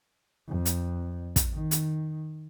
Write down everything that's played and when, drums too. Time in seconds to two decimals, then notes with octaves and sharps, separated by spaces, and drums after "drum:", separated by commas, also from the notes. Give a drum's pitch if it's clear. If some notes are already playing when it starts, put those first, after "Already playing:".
0.48 F2
0.65 drum: hi-hat
1.36 drum: kick, hi-hat
1.53 D#3
1.71 drum: hi-hat